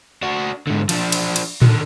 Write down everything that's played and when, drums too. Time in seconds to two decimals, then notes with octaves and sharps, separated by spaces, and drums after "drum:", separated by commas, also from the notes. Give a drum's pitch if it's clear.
0.23 D4 F#4
0.67 G#2 D3
0.89 F3 D4, drum: cymbal
1.12 drum: cymbal
1.36 drum: cymbal
1.62 D3 D#3, drum: tom A2